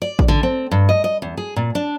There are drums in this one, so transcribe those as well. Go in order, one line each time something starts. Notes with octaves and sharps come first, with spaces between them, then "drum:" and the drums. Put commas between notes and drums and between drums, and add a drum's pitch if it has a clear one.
D5
drum: kick A1
D3
C4
G2
D#5
D#5
E2
G#4
A#2
D4